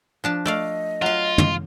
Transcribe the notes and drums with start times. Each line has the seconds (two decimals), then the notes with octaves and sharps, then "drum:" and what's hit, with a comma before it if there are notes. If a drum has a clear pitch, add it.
0.24 F3 D4 A5
0.46 A3 D5 D#5 F5
1.02 F#3 F4 F5
1.38 drum: tom